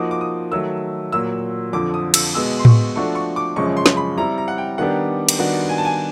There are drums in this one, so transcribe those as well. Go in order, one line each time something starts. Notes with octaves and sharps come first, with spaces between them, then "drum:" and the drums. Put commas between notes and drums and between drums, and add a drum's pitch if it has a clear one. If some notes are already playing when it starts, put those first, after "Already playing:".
Already playing: F3 A#3 D#4 F#4 D6 D#6
D6
D#6
D#3 F#3 A3 E6
A#2 F#3 A#3 E6
F2 D3 F3 D6
D#6
E6, drum: cymbal
B2 G#3 B3 E6
C6
C#6, drum: tom A2
F3 A3 D4 F#4 A4 C#6
C#6
D6
F#2 C#3 F3 G#3 C#6
C6
drum: snare
B5
G3 C4 E4 A#5
A#5
F#5
G5
D#3 G3 B3 D4 G4 F#5
drum: cymbal
D#3 G3 B3 D4 F#4
G#5
A5
G#5